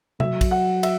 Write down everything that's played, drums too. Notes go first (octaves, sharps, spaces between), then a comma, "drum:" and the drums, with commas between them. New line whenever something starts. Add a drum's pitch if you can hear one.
F#3 E5, drum: tom C3
drum: kick A#1, cymbal
F#5
E5, drum: cymbal